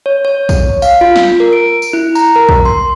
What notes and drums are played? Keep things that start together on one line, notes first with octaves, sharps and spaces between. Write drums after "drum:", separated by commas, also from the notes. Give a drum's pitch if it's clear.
C#5
C#5
drum: kick, tambourine
F5, drum: tambourine
F4
drum: snare
A#4
D7
drum: tambourine
E4
A#5, drum: tambourine
A#4
drum: kick
C6